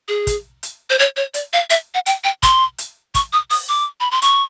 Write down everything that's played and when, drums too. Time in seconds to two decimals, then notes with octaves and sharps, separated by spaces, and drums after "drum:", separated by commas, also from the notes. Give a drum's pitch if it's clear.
0.08 G#4
0.27 drum: kick, hi-hat
0.63 drum: hi-hat
0.90 C5
0.99 C#5
1.16 C#5
1.34 D5, drum: hi-hat
1.53 F5
1.70 E5, drum: hi-hat
1.94 F#5
2.06 G5, drum: hi-hat
2.24 G5
2.43 C6, drum: kick, hi-hat
2.78 drum: hi-hat
3.15 C#6, drum: kick, hi-hat
3.33 D#6
3.50 D#6, drum: open hi-hat
3.69 D6
4.00 B5
4.11 C6
4.22 C#6, drum: hi-hat